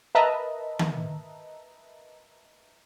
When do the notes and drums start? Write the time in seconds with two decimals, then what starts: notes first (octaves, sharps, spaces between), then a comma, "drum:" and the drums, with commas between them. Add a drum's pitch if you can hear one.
0.15 A#4 B4 D#5 E5 A5 A#5
0.79 drum: tom D#3